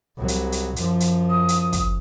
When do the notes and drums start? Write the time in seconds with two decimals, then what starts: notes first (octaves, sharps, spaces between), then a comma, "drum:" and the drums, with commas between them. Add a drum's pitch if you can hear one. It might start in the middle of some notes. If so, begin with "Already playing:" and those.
0.18 C2 F#3
0.28 drum: hi-hat
0.52 drum: hi-hat
0.76 F#2 F3, drum: hi-hat
1.00 drum: hi-hat
1.29 D#6
1.48 drum: hi-hat
1.73 drum: kick, hi-hat